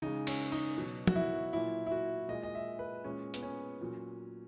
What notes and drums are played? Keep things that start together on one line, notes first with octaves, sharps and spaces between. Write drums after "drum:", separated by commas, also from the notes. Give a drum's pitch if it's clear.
C#3 G#3 D#4
C#4, drum: cymbal
D#4
B2 F#3
F#4, drum: tom
E4
A#2 F#3 E4
E4
F#4
A#2 G#3 D#5
D#5
E5
B4
A#2 G#3 C#4
B3, drum: hi-hat
C#4
A#2 F#3